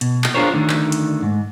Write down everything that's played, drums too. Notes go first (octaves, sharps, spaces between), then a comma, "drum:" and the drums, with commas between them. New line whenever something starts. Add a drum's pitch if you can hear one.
B2, drum: hi-hat
drum: clap
D4 F4 G#4 A#4 C5 C#5
D2 D3 D#3
drum: clap
drum: hi-hat
G#2